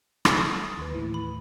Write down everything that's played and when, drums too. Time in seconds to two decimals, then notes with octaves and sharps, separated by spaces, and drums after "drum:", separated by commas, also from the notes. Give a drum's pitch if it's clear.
0.25 A6, drum: rim click
0.37 C#6 D#6
0.78 D#2 B4
0.94 D#2 A2 E3
1.14 B5